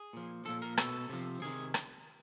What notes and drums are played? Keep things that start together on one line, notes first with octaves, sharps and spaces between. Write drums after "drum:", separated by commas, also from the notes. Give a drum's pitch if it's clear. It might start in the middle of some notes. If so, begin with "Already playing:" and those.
Already playing: G#4
A#2 F3
A#2 F3 A4
A#4
B2 A4, drum: rim click
C3 F3
C3 D#3 G#4
drum: rim click